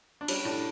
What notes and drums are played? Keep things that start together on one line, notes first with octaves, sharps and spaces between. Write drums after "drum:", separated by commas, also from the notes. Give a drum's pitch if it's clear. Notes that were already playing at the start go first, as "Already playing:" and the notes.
D4
G3 C#4, drum: cymbal
A2 D4